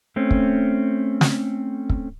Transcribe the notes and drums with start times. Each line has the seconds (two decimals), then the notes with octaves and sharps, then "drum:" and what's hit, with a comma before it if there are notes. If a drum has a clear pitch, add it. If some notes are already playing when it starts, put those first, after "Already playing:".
0.16 A3 C4 C#4
0.31 drum: kick
1.21 drum: snare
1.90 drum: kick